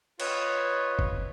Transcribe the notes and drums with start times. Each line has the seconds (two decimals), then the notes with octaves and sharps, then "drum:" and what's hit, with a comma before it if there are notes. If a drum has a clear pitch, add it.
0.20 F4 B4 C#5 D#5, drum: cymbal
0.99 drum: kick F#1